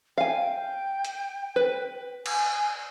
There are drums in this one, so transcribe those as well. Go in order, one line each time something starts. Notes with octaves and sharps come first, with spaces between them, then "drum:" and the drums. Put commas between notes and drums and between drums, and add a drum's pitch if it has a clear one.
F5 G5 G#5
drum: hi-hat
B4
G#5, drum: cymbal